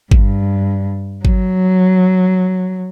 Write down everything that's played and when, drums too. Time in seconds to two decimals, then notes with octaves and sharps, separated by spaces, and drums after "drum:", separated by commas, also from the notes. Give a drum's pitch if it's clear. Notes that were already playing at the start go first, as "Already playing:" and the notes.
0.11 G2, drum: kick G#1
1.25 F#3, drum: kick G#1